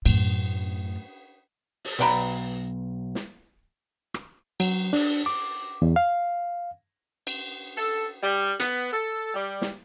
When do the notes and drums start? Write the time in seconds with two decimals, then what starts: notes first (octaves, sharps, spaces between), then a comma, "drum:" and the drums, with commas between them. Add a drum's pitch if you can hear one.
0.06 F#2 A2, drum: cymbal
1.85 drum: open hi-hat
1.99 B1 B4 D5 G5 A#5 B5
3.15 drum: snare
4.14 drum: rim click
4.60 F#3, drum: cymbal
4.93 D4, drum: open hi-hat
5.26 D6
5.82 E2
5.96 F5
7.27 drum: cymbal
7.76 A4
8.22 G3
8.60 B3, drum: hi-hat
8.92 A4
9.34 G3
9.62 drum: snare